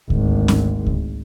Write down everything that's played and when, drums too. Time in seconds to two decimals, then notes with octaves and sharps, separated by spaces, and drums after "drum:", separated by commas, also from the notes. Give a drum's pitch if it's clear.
0.10 G#1 D2, drum: kick C#2
0.48 drum: snare C#4
0.86 drum: kick C#2